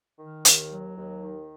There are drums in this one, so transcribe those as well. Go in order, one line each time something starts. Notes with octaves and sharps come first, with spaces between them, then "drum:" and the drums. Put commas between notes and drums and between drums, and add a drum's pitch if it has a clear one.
D#3
D#2, drum: hi-hat
F#3
D#2
D#3